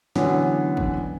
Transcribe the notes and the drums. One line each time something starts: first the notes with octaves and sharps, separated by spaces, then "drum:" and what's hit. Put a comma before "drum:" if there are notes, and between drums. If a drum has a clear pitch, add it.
D3 E3 F#3 B3 C#4 D4, drum: snare
drum: kick